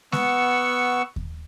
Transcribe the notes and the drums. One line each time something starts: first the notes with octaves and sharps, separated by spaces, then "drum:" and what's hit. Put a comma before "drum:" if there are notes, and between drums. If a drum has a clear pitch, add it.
B3 F#5 C#6 E6, drum: snare G#3
drum: kick D#2